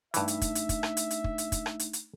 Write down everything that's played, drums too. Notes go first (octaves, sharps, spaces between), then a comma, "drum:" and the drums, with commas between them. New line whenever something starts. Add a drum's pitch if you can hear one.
G2 E3 A3 D4 D#4 E5, drum: hi-hat
drum: hi-hat
drum: kick, hi-hat
drum: hi-hat
drum: kick, hi-hat
drum: rim click
drum: hi-hat
drum: hi-hat
drum: kick
drum: hi-hat
drum: kick, hi-hat
drum: rim click
drum: hi-hat
drum: hi-hat